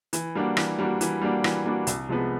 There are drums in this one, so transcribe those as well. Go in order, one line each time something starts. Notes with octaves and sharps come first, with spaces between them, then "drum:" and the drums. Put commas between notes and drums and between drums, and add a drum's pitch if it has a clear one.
E3, drum: hi-hat
G3 A#3 D4 F#4
E3, drum: rim click
G3 A#3 D4 F#4
E3, drum: hi-hat
G3 A#3 D4 F#4
E3, drum: rim click
G3 A#3 D4 F#4
C2, drum: hi-hat
C3 F3 G#3 B3